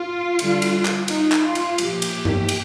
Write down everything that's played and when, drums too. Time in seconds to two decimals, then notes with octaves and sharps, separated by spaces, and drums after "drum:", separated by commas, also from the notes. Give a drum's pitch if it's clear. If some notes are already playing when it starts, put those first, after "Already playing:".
Already playing: F4
0.39 D3 G3, drum: cymbal
0.62 drum: cymbal
0.85 drum: clap
1.08 D#4, drum: cymbal
1.32 drum: clap
1.44 F4
1.55 drum: cymbal
1.78 A#2 F3 G4, drum: cymbal
2.02 drum: cymbal
2.25 drum: tom G2
2.49 drum: cymbal